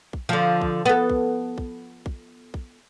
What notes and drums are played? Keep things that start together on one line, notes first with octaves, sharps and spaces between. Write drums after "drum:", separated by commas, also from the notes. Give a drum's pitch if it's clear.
drum: kick
D3 F3
drum: kick
B3 A4
drum: kick
drum: kick
drum: kick
drum: kick